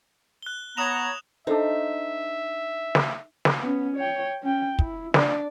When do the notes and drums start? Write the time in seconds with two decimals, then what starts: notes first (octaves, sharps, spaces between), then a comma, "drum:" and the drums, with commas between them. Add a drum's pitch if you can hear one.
0.42 F#6 G7
0.77 B3 C#5 A#5 D#6 E7 F7
1.47 D4 D#4 A4 C5 E5
2.95 drum: snare
3.45 drum: snare
3.60 B3 C#4
3.96 C#5 G5
4.42 C#4 G5
4.79 E4, drum: kick
5.14 D4 D5, drum: snare